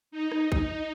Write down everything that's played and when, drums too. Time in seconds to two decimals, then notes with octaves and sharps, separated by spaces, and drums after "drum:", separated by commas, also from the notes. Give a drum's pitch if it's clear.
0.11 D#4
0.32 drum: rim click
0.52 drum: kick A#1
0.62 D#4